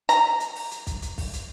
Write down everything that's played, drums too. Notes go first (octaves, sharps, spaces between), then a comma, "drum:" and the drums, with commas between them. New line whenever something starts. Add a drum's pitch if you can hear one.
A#5, drum: hi-hat
drum: hi-hat
drum: open hi-hat
drum: hi-hat
drum: kick, hi-hat
drum: hi-hat
drum: kick, open hi-hat
drum: hi-hat